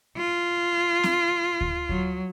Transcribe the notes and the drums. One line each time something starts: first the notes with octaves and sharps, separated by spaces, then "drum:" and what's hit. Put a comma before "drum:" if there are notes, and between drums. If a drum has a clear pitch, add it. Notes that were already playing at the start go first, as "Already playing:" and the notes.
F4
drum: snare C4
drum: kick D2
F#3, drum: kick D2